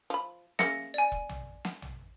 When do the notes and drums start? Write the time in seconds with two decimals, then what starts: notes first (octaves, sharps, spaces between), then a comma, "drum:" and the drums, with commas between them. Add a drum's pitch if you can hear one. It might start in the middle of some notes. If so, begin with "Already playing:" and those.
0.10 F3 B5
0.59 C#3 A#3 E5 A#6 C#7, drum: snare
0.94 D5 G#5
1.12 drum: kick E1
1.29 drum: tom A#1
1.65 drum: snare
1.82 drum: tom A#1